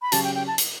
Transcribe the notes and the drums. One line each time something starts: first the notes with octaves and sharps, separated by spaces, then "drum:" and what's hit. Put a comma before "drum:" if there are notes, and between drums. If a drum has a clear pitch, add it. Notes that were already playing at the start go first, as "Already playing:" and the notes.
B5
C#3 F#3 C#4 G4 A5, drum: hi-hat
G5
G5
A5
drum: hi-hat